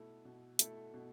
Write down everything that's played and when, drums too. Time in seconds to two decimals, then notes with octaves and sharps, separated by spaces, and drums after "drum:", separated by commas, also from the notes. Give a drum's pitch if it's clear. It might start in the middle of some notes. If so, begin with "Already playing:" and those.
Already playing: B2 A3 E4 A4
0.25 B2
0.59 A3 E4 A4, drum: hi-hat
0.94 B2